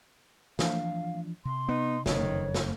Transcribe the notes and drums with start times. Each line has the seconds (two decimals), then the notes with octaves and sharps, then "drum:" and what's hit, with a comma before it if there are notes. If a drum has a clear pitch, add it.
0.59 E3 F3 D4 F5, drum: snare
1.45 C3 C6
1.69 B3 D#4
2.06 F#1 F2 D#3 C#5, drum: snare
2.54 drum: snare